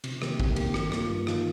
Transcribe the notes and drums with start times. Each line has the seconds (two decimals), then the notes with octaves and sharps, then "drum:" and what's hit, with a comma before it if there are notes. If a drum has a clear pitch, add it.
0.04 C3, drum: cymbal
0.22 D#3 A#3 G4, drum: rim click
0.40 C3, drum: kick
0.56 D#3 A#3 G4, drum: cymbal
0.74 G2, drum: rim click
0.92 D#3 A#3 F4, drum: rim click
1.09 G2
1.27 D#3 A#3 F4, drum: rim click